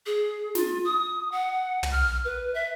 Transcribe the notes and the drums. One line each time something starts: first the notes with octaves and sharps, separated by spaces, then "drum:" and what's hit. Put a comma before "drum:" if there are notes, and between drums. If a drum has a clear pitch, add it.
G#4
F4, drum: snare
D#6
F#5
drum: tom
F6
B4
E5